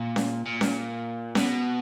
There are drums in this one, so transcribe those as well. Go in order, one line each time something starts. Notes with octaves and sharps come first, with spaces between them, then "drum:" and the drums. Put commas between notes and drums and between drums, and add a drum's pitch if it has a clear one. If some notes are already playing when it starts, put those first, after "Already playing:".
Already playing: A#2
drum: snare C#4
A#2
drum: snare C#4
B2, drum: snare C#4